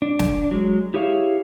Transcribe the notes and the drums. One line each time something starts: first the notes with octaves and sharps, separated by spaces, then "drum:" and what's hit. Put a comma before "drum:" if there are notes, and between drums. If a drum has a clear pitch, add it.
D4
drum: snare
F#3 G#3
E4 G4 G#4 C#5 E5 F5